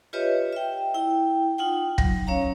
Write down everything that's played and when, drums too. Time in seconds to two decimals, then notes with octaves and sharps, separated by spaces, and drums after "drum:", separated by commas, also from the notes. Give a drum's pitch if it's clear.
0.13 F4 G4 B4 C#5 D#5 E5
0.53 E5 G5
0.94 E4 G5
1.58 D#4 F4 F#5 G5
1.98 F#3, drum: kick
2.27 C#4 C#5 F5 A#5